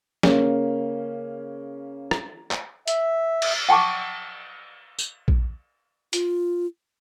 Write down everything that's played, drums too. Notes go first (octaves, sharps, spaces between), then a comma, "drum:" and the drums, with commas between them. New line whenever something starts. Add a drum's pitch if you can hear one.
C#3 A#3 C#4, drum: snare
drum: rim click
drum: clap
E5, drum: hi-hat
drum: cymbal
F#5 G5 A5 C#6 D6
drum: tambourine
drum: kick A#1
F4, drum: hi-hat